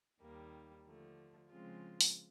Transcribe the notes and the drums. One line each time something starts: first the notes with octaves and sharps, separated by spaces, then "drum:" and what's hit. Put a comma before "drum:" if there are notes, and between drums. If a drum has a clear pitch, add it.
D#2 D#3 G3 A#3
D3 F3 A3
C#3 F3 G#3 C4 F4
drum: open hi-hat